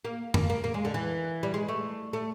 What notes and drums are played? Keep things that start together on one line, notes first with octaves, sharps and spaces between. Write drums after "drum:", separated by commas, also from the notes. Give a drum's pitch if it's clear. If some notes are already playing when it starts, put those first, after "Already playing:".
A#3
A#3, drum: tom F2
A#3
A#3
G#3
D3
E3
G3
G#3
A3
A3